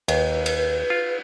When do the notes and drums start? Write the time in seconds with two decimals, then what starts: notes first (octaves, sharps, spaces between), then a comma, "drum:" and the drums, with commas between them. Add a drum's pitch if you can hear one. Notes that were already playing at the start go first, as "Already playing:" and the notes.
0.08 D#2 B4, drum: cymbal
0.46 drum: cymbal
0.90 F4